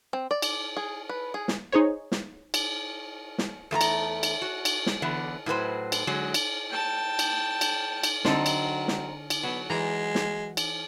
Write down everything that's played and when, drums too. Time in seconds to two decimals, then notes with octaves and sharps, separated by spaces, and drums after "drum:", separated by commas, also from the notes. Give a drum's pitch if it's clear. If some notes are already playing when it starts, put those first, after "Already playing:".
0.13 C4
0.31 D5
0.42 drum: cymbal
0.77 G#4
1.09 B4
1.34 G#4
1.48 drum: snare
1.72 D#4 G#4 C5 C#5
2.12 drum: snare
2.54 drum: cymbal
3.38 drum: snare
3.71 E2 A3 F4 A#5
3.81 drum: cymbal
4.23 drum: cymbal
4.42 F#4
4.65 drum: cymbal
4.86 drum: snare
5.02 D3 E3 B3
5.46 A2 F#3 B4 C5
5.92 drum: cymbal
6.07 D3 F#3 G#3
6.34 drum: cymbal
6.70 G5 A5
7.19 drum: cymbal
7.61 drum: cymbal
8.04 drum: cymbal
8.25 D3 F#3 C4 D#4 A4, drum: snare
8.46 drum: cymbal
8.88 drum: snare
9.30 drum: cymbal
9.43 F#3 B3
9.70 E3 G#3 A#5
10.15 drum: snare
10.57 drum: cymbal